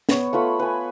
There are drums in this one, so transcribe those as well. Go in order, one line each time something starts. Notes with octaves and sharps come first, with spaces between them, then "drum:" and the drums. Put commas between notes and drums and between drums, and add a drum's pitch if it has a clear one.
B3 C#5, drum: snare
A3 B3 F4 B5
B4 G#5